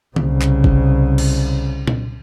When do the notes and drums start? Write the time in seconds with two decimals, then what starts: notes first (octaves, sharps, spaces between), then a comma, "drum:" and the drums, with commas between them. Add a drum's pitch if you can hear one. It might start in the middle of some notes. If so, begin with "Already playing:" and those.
0.16 C2 C#3, drum: tom D3
0.42 drum: clap
0.64 drum: kick
1.18 drum: cymbal
1.87 drum: tom A#2